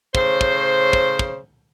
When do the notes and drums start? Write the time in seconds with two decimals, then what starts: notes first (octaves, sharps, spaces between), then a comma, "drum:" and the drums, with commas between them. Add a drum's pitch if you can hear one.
0.15 A2 C#3 C5, drum: kick
0.41 drum: kick
0.93 drum: kick
1.19 drum: kick